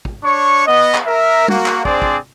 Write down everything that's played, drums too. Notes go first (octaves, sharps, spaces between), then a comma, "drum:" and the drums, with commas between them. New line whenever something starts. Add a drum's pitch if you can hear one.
drum: kick
D4 C#5 C#6
B3 D#5
drum: clap
A#4 E5
A#3 F#4, drum: tom
drum: clap
C4 D4 G#4 C5 D5, drum: kick
drum: kick